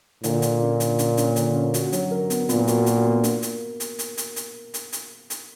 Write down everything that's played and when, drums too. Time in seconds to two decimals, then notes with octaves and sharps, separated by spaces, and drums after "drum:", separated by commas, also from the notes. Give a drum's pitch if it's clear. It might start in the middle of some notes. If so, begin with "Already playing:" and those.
0.24 A#2 D3, drum: hi-hat
0.42 D3, drum: hi-hat
0.61 C#4
0.80 D3, drum: hi-hat
0.99 C#4, drum: hi-hat
1.17 C#4, drum: hi-hat
1.36 D3, drum: hi-hat
1.55 C#4
1.74 F#4, drum: hi-hat
1.92 F#3, drum: hi-hat
2.11 A#4
2.30 B3, drum: hi-hat
2.49 A#2 B3, drum: hi-hat
2.67 F#4, drum: hi-hat
2.86 F#4, drum: hi-hat
3.05 B3
3.24 A#3, drum: hi-hat
3.42 drum: hi-hat
3.80 drum: hi-hat
3.99 drum: hi-hat
4.17 drum: hi-hat
4.36 drum: hi-hat
4.74 drum: hi-hat
4.93 drum: hi-hat
5.30 drum: hi-hat